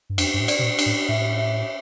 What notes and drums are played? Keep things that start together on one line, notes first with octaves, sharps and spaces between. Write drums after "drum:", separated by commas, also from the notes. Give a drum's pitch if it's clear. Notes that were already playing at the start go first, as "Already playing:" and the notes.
G2
F2 D4, drum: cymbal
G2
A2
D5, drum: cymbal
C3
A#2
D4, drum: cymbal
A2
A2 E5
E5